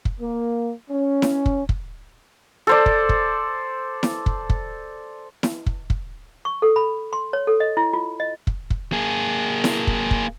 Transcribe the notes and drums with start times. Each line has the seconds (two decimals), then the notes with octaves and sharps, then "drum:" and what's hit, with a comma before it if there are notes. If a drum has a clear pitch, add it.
0.05 drum: kick
0.20 A#3
0.90 C#4
1.22 drum: snare E4
1.46 drum: kick
1.69 drum: kick
2.67 A4 C5 D5
2.86 drum: kick
3.09 drum: kick
4.03 drum: snare E4
4.26 drum: kick
4.50 drum: kick
5.43 drum: snare E4
5.66 drum: kick
5.90 drum: kick
6.45 C#6
6.62 A4
6.76 B5
7.13 C6
7.33 C#5
7.47 A4
7.60 D#5
7.77 E4
7.93 F4
8.20 D#5
8.47 drum: kick
8.70 drum: kick
8.92 A#3 G#4
9.64 drum: snare E4
9.87 drum: kick
10.11 drum: kick